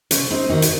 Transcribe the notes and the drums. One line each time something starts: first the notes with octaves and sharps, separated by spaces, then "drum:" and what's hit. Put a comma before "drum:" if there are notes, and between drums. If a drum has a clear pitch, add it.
C3 C#4, drum: hi-hat
C4 D#4
D#3 A#3 D#4 F#4
drum: hi-hat